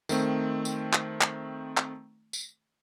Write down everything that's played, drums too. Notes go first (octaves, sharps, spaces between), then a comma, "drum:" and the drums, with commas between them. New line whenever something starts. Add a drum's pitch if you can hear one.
D#3 A3 C4, drum: tambourine
drum: tambourine
drum: clap
drum: clap
drum: clap
drum: tambourine